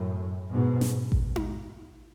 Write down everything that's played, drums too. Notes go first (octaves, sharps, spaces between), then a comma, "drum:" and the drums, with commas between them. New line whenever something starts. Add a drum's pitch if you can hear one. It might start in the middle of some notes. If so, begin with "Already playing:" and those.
Already playing: F#2 A2
G#2 B2
drum: snare
drum: kick A1
drum: tom D#4